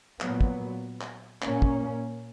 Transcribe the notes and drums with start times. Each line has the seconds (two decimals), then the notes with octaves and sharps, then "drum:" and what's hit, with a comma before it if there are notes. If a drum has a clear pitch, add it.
0.20 A#2 F#3 B3, drum: clap
0.41 drum: kick
1.01 drum: clap
1.42 A#2 A#3 C#4, drum: clap
1.62 drum: kick